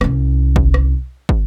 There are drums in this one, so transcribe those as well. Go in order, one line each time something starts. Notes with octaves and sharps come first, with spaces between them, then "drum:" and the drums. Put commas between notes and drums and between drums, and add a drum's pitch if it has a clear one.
C2 C#4, drum: rim click
drum: kick
drum: rim click
drum: kick